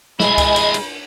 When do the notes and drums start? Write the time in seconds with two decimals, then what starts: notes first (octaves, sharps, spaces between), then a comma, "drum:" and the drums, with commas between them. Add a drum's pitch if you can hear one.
0.20 G#3 E4 D#5 G#5 B5, drum: snare
0.38 drum: kick C#2, cymbal
0.56 drum: cymbal
0.74 drum: cymbal